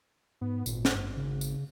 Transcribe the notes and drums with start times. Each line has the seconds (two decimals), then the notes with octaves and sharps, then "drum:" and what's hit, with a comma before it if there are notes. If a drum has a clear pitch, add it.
0.41 G#2 B3
0.66 G#1 A#2, drum: tambourine
0.85 drum: snare
0.95 G2
1.17 C#3
1.41 drum: tambourine